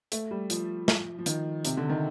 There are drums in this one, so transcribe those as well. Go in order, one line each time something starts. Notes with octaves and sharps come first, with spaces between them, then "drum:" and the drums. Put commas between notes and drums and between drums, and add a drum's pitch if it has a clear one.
A3, drum: hi-hat
G3
F3, drum: hi-hat
drum: snare
F3
D#3, drum: hi-hat
C3, drum: hi-hat
D3
D#3